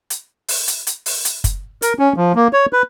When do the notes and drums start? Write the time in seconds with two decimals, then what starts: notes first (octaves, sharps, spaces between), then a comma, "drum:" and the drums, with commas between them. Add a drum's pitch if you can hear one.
0.10 drum: hi-hat
0.48 drum: open hi-hat
0.68 drum: hi-hat
0.87 drum: hi-hat
1.06 drum: open hi-hat
1.25 drum: hi-hat
1.44 drum: kick, hi-hat
1.82 A#4, drum: hi-hat
1.99 C#4
2.16 F3
2.35 A#3
2.53 C#5
2.73 B4